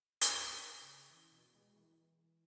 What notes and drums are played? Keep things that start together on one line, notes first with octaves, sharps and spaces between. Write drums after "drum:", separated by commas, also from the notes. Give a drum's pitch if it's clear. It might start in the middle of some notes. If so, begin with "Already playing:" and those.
G#2, drum: hi-hat
C#3
E3
B2
G#3
E3